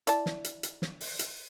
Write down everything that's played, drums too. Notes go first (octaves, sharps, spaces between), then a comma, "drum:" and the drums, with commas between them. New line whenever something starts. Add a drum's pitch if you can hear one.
E4 D5 A5, drum: hi-hat
drum: snare
drum: hi-hat
drum: hi-hat
drum: snare
drum: open hi-hat
drum: hi-hat